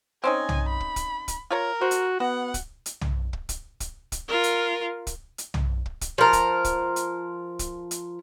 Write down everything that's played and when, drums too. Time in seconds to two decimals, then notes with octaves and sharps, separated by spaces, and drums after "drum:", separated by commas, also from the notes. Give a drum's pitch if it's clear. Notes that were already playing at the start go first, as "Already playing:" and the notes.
0.24 C4 C#4 D#4 G#5
0.49 drum: tom
0.69 B5
0.80 drum: kick
0.96 drum: kick, hi-hat
1.28 drum: kick, hi-hat
1.50 F4 A#4 C#5 A#5
1.81 F#4 C5
1.91 drum: hi-hat
2.20 B3 F#4 F#5
2.54 drum: kick, hi-hat
2.86 drum: hi-hat
3.01 drum: tom
3.33 drum: kick
3.49 drum: kick, hi-hat
3.80 drum: kick, hi-hat
4.12 drum: kick, hi-hat
4.28 F4 A#4
4.43 drum: hi-hat
5.07 drum: kick, hi-hat
5.38 drum: hi-hat
5.54 drum: tom
5.86 drum: kick
6.01 drum: kick, hi-hat
6.18 F3 A#4
6.33 drum: kick, hi-hat
6.65 drum: kick, hi-hat
6.96 drum: hi-hat
7.59 drum: kick, hi-hat
7.91 drum: hi-hat